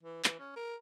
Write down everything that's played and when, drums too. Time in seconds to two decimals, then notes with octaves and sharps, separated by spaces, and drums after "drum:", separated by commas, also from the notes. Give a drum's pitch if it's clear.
0.03 E3
0.24 E3, drum: clap
0.39 C#4
0.56 A#4